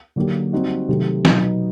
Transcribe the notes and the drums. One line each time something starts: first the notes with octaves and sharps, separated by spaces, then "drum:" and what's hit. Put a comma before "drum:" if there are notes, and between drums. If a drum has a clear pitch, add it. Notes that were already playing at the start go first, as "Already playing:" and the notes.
D3 F#3 A#3 D#4 G4
G3 C4 D#4 F#4
C3 D#3 F#3 A3
B2 F#3 B3 D#4, drum: snare